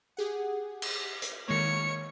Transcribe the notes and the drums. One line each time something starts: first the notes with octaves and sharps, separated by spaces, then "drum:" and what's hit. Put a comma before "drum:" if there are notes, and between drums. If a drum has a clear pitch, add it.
G4 G#4 F#5
drum: cymbal
drum: hi-hat
D#3 G#3 A#3 C#5 C#7